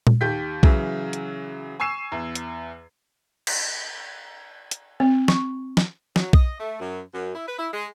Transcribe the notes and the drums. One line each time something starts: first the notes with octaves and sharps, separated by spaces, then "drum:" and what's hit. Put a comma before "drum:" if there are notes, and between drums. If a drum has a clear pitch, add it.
drum: tom A#2
D#2 G4 G6 B6
C#3 E3 F#3, drum: kick B1
drum: hi-hat
G#5 C#6 E6 G#6 C7 E7
E2
drum: hi-hat
drum: cymbal
drum: hi-hat
C4
C#6, drum: snare
drum: snare
F#3, drum: snare
D#5, drum: kick B1
A3
F#2
F#2
E4
B4
E4
G#3